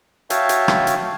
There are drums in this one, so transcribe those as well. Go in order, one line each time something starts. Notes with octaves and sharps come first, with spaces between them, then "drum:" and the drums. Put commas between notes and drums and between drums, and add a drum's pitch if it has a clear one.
F#4 C#5 E5 F5 G5 A5, drum: hi-hat
drum: hi-hat
drum: rim click
drum: hi-hat